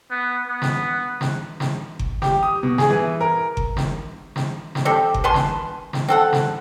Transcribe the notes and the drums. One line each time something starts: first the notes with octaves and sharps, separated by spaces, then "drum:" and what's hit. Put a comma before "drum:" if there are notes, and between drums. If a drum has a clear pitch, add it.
B3
B3
drum: snare
drum: snare
drum: snare
drum: kick G1
G4, drum: snare
D#6
B2
G#4, drum: snare
E3
A#4
drum: kick G1
drum: snare
drum: snare
drum: snare
C4 G4 A4
drum: kick G1
B4 G#5 A5 C6
drum: snare
drum: snare
C4 A4 F#5
drum: snare